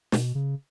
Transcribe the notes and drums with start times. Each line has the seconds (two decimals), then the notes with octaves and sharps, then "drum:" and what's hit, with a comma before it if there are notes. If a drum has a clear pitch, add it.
0.12 B2, drum: snare
0.35 C#3